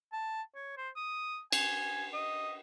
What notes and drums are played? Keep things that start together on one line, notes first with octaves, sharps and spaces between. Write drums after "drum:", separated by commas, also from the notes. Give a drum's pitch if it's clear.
A5
C#5
C5
D#6
G#5, drum: cymbal
D#5